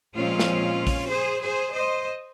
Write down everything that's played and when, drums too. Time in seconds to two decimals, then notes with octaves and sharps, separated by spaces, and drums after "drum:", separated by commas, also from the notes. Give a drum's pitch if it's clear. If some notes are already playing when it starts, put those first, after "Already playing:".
0.15 A#2 F3 G#3 C4 C#4 F4
0.39 drum: snare
0.87 drum: kick, open hi-hat
1.11 G#4 C5
1.42 G#4 C5
1.74 C5 D#5